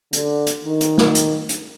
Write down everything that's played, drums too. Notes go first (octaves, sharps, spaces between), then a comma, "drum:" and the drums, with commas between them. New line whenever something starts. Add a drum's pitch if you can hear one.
D3, drum: hi-hat
drum: hi-hat
D#3
drum: hi-hat
drum: snare
drum: hi-hat
drum: hi-hat